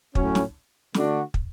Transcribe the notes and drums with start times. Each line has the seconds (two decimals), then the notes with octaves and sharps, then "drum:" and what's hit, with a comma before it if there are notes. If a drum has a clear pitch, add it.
0.15 A2 F#3 C#4, drum: kick
0.35 drum: snare
0.94 D3 A3 D4 F#4, drum: snare
1.34 drum: kick